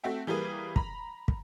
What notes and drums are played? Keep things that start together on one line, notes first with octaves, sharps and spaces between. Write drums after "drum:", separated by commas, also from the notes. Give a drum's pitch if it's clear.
A3 C4 F#4 E5 G5
E3 G3 A#3 G#4 B4
A#5 B5, drum: kick
drum: kick